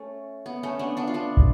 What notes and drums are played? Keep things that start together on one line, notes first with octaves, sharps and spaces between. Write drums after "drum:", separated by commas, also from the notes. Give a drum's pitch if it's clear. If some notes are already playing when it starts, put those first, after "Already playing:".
Already playing: A3 C#4
B3
A3 C#4
B3 D4
B3 D4
F4
B3 D4
drum: kick